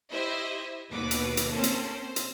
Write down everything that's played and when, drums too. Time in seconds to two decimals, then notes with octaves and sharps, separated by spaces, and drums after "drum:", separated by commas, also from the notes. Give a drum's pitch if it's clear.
0.11 E4 G4 C5 D#5 E5
0.91 D#2 B2 F#4 B4 D6
1.11 drum: hi-hat
1.37 drum: hi-hat
1.50 A#3 C4 C#4 A4 C5
1.63 drum: hi-hat
1.93 C5
2.16 drum: hi-hat